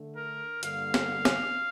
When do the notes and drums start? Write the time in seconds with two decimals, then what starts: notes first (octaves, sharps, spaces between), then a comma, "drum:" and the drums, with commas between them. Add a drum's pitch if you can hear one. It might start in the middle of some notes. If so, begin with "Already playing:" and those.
Already playing: D3 A3
0.16 A#4
0.63 G2 D3 G3 A#3 F5, drum: hi-hat
0.94 drum: snare
1.25 drum: snare